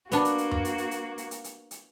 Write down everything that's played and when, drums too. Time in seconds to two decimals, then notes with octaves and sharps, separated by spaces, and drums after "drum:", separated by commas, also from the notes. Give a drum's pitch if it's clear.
0.12 A#3 B3 D4 F#4, drum: hi-hat
0.25 drum: hi-hat
0.38 drum: hi-hat
0.51 drum: tom F#2
0.65 drum: hi-hat
0.78 drum: hi-hat
0.91 drum: hi-hat
1.18 drum: hi-hat
1.31 drum: hi-hat
1.44 drum: hi-hat
1.71 drum: hi-hat